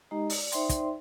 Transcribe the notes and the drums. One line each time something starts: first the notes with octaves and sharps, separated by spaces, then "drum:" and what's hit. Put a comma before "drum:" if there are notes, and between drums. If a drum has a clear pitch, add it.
G#3 D#4 G4 D#5 A#5
D5, drum: open hi-hat
D#4 C5 D5 E5 G5 C6, drum: hi-hat
drum: kick, hi-hat